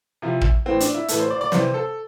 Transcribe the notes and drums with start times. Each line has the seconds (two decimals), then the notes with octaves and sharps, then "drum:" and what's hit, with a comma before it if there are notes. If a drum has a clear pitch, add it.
0.22 C3 F3 E4
0.41 drum: kick
0.66 A2 E3 C4
0.80 D4, drum: hi-hat
0.94 E4
1.08 A2 E3 A4, drum: hi-hat
1.20 C5
1.30 D5
1.41 D5
1.52 C3 E3 C5, drum: snare
1.74 A4